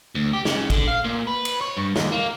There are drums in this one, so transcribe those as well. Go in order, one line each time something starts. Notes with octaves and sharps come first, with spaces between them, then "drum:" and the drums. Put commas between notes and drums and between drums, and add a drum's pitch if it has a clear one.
D2
G4
C#3, drum: snare
D3, drum: kick, cymbal
F5
A#2
B4
drum: cymbal
C#5
G2
D#2, drum: snare
A#3